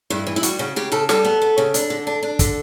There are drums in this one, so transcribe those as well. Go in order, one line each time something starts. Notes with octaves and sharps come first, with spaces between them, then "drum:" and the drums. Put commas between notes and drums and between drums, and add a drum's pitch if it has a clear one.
G2 E4
E3
E4
G3 F#4, drum: hi-hat
C#3 F#4
C#3 G4
C#3 A4
G3 A4, drum: snare
B3
B3
C#3
D4, drum: hi-hat
D3
D4
D4
D3, drum: kick, hi-hat